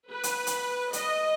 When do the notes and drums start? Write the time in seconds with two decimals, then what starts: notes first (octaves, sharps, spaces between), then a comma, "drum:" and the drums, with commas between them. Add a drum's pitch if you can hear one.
0.11 B4
0.23 drum: hi-hat
0.47 drum: hi-hat
0.93 D#5, drum: hi-hat